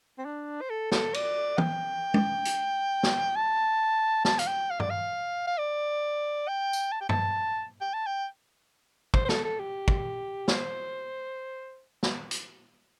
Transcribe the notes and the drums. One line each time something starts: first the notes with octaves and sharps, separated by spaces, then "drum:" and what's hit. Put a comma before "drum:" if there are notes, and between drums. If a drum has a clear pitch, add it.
C4
D4
C5
A4
A4, drum: snare
D5, drum: cymbal
G5, drum: tom
drum: tom
drum: hi-hat
drum: snare
A5
A5, drum: snare
F5, drum: hi-hat
G5
F5
D5, drum: tom
F5
F5
D5
G5
drum: tambourine
A5
G5
A5, drum: tom G2
G5
A5
G5
C5, drum: kick
C5
A4, drum: snare
A4
G4
drum: kick
C5, drum: snare
drum: snare
drum: hi-hat